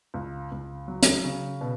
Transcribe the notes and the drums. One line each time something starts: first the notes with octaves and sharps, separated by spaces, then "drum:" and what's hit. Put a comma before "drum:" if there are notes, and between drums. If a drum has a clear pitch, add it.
C#2
C#2
F#3
drum: hi-hat
C#3
B2